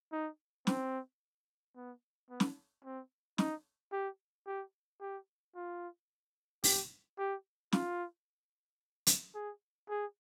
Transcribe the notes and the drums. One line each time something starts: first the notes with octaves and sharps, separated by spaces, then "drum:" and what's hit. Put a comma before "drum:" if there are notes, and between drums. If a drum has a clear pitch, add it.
D#4
C4, drum: snare
B3
B3
drum: snare
C4
D#4, drum: snare
G4
G4
G4
F4
G4, drum: open hi-hat
G4
F4, drum: snare
drum: hi-hat
G#4
G#4